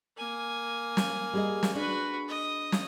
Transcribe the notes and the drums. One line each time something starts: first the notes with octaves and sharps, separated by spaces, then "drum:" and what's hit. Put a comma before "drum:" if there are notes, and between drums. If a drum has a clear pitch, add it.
A#3 G#5
drum: snare
G3 G#4 D#5
drum: snare
D4 F#4 G#4 B4
D#5
drum: snare